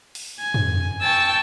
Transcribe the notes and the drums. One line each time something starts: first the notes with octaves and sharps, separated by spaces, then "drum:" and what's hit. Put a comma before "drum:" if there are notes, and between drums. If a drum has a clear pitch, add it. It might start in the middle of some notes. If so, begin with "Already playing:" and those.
drum: open hi-hat
G#5
drum: tom
G5 A5 C#6 E6